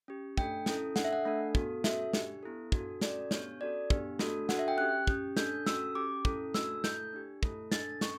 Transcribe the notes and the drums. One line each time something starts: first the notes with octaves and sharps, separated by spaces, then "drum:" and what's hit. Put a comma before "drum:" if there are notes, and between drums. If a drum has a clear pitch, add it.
C#4 G4
A3 D4 A4 G5, drum: kick
C#4 E4 A4, drum: snare
D4 A4 F#5, drum: snare
E5
F#5
A3 D4 A4
B3 F#4 A4, drum: kick
C#4 F#4 A4 E5, drum: snare
D4 G4, drum: snare
B3 E4 A4
D4 F#4 A4, drum: kick
C#4 F#4 A4 D5, drum: snare
B3 D4 G4 C#5, drum: snare
C#4 F#4 A4 D5
B3 D4 G4, drum: kick
A3 D4 F#4 A4, drum: snare
D4 F#4 A4 F#5, drum: snare
E5
G5
C#4 G4 F#6
C#4 G4, drum: kick
D4 A4 G6, drum: snare
C#4 F#4 A4 E6, drum: snare
C#4 G4 D6
C#4 E4 A4, drum: kick
A3 D4 F#4 A4 E6, drum: snare
A3 E4 A4 G6, drum: snare
D4 G4
A3 E4 A4, drum: kick
D4 A4 A6, drum: snare
C#4 C#6, drum: snare